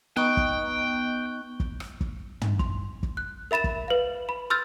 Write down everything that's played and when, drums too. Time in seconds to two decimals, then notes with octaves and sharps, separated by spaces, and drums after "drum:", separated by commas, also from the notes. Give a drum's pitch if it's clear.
0.17 B3 D#4 G5 C#6 F#6
0.37 drum: kick
1.60 drum: kick
1.80 drum: rim click
2.01 drum: kick
2.41 drum: tom
2.59 C6, drum: kick
3.03 drum: kick
3.17 F#6
3.51 A#4 E5 B5 A6 E7
3.64 drum: kick
3.88 B4 F5
4.29 B5
4.50 C6 E6 F6 G6 A6